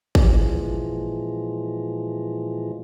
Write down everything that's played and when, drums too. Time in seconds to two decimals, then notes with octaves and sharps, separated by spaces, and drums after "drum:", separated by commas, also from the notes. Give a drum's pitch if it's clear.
0.15 A#2 E3 F3 G#3, drum: kick